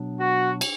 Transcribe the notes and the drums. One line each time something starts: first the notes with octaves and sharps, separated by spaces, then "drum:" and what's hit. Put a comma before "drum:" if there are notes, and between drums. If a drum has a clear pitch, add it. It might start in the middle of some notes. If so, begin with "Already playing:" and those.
Already playing: B2 F#3 B3 D4
F#4
drum: cymbal